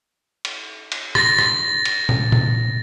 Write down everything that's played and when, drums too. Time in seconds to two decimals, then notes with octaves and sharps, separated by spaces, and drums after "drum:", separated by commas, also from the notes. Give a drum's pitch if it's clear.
0.45 drum: cymbal
0.92 drum: cymbal
1.15 A6 A#6, drum: rim click
1.39 drum: rim click
1.85 drum: cymbal
2.09 drum: tom A#2
2.32 drum: tom A#2